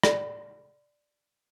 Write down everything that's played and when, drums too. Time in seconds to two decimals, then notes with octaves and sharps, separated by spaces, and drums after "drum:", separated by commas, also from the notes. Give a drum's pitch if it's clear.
0.03 D5, drum: rim click